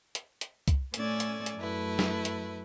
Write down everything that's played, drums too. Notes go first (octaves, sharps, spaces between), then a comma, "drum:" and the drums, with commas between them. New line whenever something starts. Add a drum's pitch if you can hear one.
drum: hi-hat
drum: hi-hat
drum: kick, hi-hat
A2 A3 C#4 D5 G#5 E6, drum: hi-hat
drum: hi-hat
drum: hi-hat
F#2 A3 E4 B4
drum: snare
drum: hi-hat